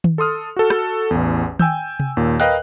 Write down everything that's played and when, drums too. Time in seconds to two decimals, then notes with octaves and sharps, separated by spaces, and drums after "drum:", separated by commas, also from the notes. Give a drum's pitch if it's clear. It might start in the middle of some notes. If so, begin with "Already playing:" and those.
0.04 drum: tom D#3
0.18 A4 C6 D#6 F6
0.56 F#4 A4
0.70 drum: rim click
1.11 A1 E2
1.59 G5 G#5 E6 G6, drum: tom D#3
2.00 drum: tom C3
2.17 D#2 A#2
2.40 A#4 B4 D#5 F5 G5 F#6, drum: hi-hat